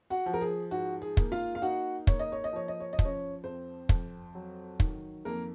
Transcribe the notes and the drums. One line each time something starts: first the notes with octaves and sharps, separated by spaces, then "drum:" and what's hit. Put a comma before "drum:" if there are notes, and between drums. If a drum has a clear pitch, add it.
F#4 F#5
F3
A#4
G#4
G#2 F#4
G#4
A#3, drum: kick
F4 F5
F5
D#4 F#4 F#5
A#3 C#5, drum: kick
D#5
C#5
D#5
F3 C#5
D#5
C#5
D#5
F3, drum: kick
C#4 C#5
F2 C4 C5
F2, drum: kick
F#3
D#3, drum: kick
F2 A#3 A#4